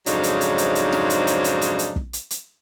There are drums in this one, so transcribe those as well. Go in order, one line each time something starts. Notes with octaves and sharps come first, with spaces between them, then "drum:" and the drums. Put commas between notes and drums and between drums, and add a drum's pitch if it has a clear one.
F2 G#2 C#3 F#3 D4 D#4, drum: hi-hat
drum: hi-hat
drum: hi-hat
drum: hi-hat
drum: hi-hat
drum: snare
drum: hi-hat
drum: hi-hat
drum: hi-hat
drum: hi-hat
drum: hi-hat
drum: kick
drum: hi-hat
drum: hi-hat